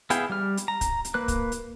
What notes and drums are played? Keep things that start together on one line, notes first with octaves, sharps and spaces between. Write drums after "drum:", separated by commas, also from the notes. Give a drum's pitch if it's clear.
B3 E4 G#4 F5 G5, drum: hi-hat
G3 F6
drum: hi-hat
A#5
drum: kick, hi-hat
drum: hi-hat
A#3 B4 F#6
drum: kick, hi-hat
drum: hi-hat